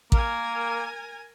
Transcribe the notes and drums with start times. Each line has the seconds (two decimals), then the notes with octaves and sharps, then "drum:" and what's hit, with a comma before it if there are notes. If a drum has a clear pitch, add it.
0.12 A#3 A#4 G#5, drum: kick A1